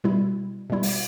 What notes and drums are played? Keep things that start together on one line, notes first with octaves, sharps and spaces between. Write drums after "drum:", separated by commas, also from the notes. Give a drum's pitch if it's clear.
B2 G3 E4
B2 G3 E4
drum: open hi-hat